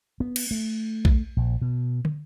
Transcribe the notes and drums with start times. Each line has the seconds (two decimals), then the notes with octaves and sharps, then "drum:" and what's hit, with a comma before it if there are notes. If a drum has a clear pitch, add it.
0.20 B3
0.36 drum: cymbal
0.51 A3
1.05 drum: kick A#1
1.37 A#1
1.61 B2
2.05 drum: tom